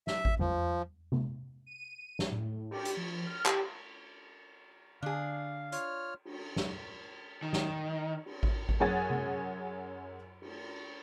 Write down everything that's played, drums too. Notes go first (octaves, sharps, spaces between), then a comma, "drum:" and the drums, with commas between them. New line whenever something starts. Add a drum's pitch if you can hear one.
E5, drum: snare
drum: kick G#1
F3, drum: tom E2
drum: tom C3
D#7
drum: snare
A2
G4, drum: cymbal
drum: hi-hat
F3
F6
G4, drum: clap
D3 D4 G#4 F5
F4 C#5 F6, drum: hi-hat
drum: cymbal
drum: snare
D#3
drum: snare
drum: cymbal
drum: kick G#1
drum: kick G#1
F#2 G#4 C#5 F#5 G#5 A6
drum: tom C3
drum: cymbal